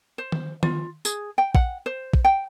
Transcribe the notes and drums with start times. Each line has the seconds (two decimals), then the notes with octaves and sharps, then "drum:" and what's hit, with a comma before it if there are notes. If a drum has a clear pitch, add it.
0.18 C5
0.32 drum: tom D#3
0.63 F4, drum: tom D#3
1.05 G#4, drum: tambourine
1.38 G5
1.55 F#5, drum: kick
1.86 C5
2.13 drum: kick
2.25 G5